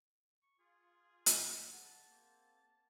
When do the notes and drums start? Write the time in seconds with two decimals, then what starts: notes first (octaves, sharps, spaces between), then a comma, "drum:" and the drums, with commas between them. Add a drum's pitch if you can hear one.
0.43 C#6
0.59 F4 G#4
1.26 drum: hi-hat
1.72 F#4 G#4 F#5 A5
2.07 A#3 C4